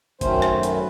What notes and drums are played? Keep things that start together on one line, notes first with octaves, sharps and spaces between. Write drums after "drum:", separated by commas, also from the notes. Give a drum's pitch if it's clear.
F#2 D#3 F#3 A3 C#4 C5, drum: kick F#1, hi-hat
drum: rim click
B4, drum: hi-hat